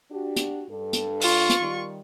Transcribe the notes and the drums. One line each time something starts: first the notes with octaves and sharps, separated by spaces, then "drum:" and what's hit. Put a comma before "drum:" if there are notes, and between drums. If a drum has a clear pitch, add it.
D4 F#4 G4
drum: hi-hat
G2 D4 A4
drum: hi-hat
F4 C#6, drum: open hi-hat
drum: hi-hat
D#3 G3